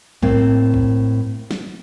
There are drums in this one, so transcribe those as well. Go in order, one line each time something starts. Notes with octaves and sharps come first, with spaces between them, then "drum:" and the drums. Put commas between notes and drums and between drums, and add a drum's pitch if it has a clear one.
A2 A#3 C4, drum: kick
drum: kick
drum: snare